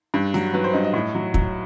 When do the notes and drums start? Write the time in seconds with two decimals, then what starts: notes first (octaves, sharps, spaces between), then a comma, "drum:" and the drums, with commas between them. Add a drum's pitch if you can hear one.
0.14 G2
0.34 F#3, drum: snare
0.54 F#3 B4
0.64 C5
0.73 G2 D#5
0.84 D#5
0.93 A2
1.15 F#3
1.34 F#3, drum: kick